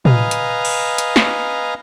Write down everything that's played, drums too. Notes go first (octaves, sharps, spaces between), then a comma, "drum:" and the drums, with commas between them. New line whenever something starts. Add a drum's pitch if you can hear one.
B4 D#5 F5 G#5 A#5, drum: tom
drum: hi-hat
drum: cymbal
drum: hi-hat
drum: snare